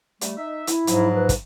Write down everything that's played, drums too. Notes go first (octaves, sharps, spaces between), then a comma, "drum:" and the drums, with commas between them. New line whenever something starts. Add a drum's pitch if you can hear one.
G3 A3, drum: hi-hat
D#4 E5
E4, drum: hi-hat
G#2 F3 F#3, drum: hi-hat
B4
drum: kick, hi-hat